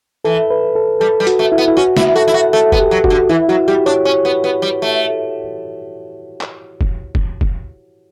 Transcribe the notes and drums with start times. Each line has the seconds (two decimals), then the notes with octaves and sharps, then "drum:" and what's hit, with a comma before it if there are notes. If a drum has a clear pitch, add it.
0.25 E3 A4
0.50 B4
0.76 A4
1.01 G3 A4
1.20 G3
1.27 F#4, drum: hi-hat
1.39 A3
1.52 E4
1.58 B3
1.68 E4
1.77 C#4 F#4
1.97 E4, drum: snare
2.15 F#4 A4
2.28 E4
2.34 F#4
2.53 A3 A4
2.72 B3, drum: kick
2.79 G4
2.91 F#3
3.04 F#4, drum: kick
3.10 D3
3.29 E3 E4
3.49 F#3 F#4
3.68 G3 G4
3.86 D4 C#5
4.05 C#4 C#5
4.25 B3
4.44 B3
4.62 G3
4.82 A3
6.41 drum: clap
6.81 drum: kick
7.15 drum: kick
7.41 drum: kick